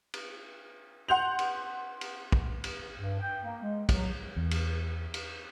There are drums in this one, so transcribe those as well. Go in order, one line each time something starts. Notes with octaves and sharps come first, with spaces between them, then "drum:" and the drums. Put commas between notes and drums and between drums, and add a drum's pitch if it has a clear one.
drum: cymbal
F#5 C6 G6 F7
drum: cymbal
drum: cymbal
drum: kick
drum: cymbal
G2
G5
A#3
G#3
F#3, drum: kick, cymbal
E2
drum: cymbal
drum: cymbal